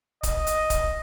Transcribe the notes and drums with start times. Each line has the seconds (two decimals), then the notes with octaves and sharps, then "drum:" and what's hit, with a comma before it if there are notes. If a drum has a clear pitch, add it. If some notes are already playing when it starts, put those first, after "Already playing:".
0.23 D#5, drum: kick, hi-hat
0.47 drum: hi-hat
0.70 drum: kick, hi-hat